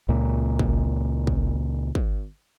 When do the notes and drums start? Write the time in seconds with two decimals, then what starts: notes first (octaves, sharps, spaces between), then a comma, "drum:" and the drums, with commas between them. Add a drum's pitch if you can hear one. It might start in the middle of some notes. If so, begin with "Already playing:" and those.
0.09 C#2 A#2
0.59 drum: kick
1.27 drum: kick
1.95 drum: kick